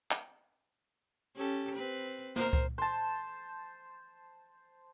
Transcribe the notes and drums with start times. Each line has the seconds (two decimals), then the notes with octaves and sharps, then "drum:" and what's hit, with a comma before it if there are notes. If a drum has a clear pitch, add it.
0.11 drum: clap
1.36 C#4 G4 A4
1.75 C4 B4
2.36 A#4 C5, drum: snare
2.53 drum: kick C#2
2.78 C5 A5